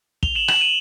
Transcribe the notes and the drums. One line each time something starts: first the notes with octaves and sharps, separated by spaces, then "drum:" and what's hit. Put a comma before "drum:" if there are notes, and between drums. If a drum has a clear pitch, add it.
F7 G7, drum: kick
E7 F#7
E7 F#7, drum: rim click
D#7 F7